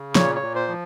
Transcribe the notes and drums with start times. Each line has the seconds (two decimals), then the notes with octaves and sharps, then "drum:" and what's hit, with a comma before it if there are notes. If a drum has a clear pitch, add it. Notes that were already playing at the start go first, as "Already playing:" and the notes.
Already playing: C#3
0.15 A#2 C#5, drum: snare
0.35 C#5
0.42 A#2
0.55 C5
0.68 F3